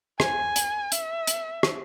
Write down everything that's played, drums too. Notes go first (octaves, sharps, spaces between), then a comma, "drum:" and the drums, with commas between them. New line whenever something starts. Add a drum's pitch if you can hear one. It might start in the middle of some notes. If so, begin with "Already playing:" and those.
G#5, drum: rim click
drum: hi-hat
E5, drum: hi-hat
drum: hi-hat
drum: rim click